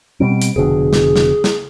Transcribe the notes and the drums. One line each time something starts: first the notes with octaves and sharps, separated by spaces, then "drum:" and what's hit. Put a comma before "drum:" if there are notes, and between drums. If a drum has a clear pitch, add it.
B2 G3 C4 D7
drum: hi-hat
F1 B2 D3 G#4
drum: snare
drum: snare
drum: snare